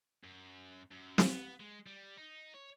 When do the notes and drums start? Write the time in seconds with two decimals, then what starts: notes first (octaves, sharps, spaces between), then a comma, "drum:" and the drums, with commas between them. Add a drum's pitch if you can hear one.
0.24 F#2
0.92 F#2
1.18 drum: snare
1.29 B3
1.60 G#3
1.87 G3
2.18 D#4
2.54 C#5